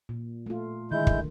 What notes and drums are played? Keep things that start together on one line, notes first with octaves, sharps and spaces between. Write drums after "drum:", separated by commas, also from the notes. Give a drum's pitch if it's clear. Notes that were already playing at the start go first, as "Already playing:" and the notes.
A#2
A3 F4
D3 D#3 G#3 E4 G6
drum: kick